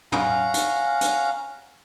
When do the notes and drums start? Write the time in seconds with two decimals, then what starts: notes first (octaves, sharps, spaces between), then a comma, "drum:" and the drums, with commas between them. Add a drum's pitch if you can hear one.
0.12 C#4 F5 F#5 A#5, drum: tom
0.54 drum: hi-hat
1.01 drum: hi-hat